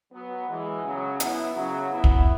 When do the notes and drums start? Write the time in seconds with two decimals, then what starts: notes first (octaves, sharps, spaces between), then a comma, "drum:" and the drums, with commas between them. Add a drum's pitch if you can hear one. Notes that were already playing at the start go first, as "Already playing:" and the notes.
0.13 F#3 B3
0.49 E3 G#3
0.84 C#3 F#3
1.20 B3 E4, drum: hi-hat
1.55 C#3 F#3
1.90 B3 E4
2.04 drum: kick